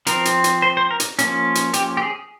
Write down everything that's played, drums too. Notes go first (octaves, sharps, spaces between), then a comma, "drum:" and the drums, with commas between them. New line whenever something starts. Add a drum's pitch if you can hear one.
F3 C4 A#4, drum: hi-hat
drum: hi-hat
drum: hi-hat
C5
C5
A#4
drum: hi-hat
F3 A#3 C#4, drum: hi-hat
drum: hi-hat
G4, drum: hi-hat
G4
G#4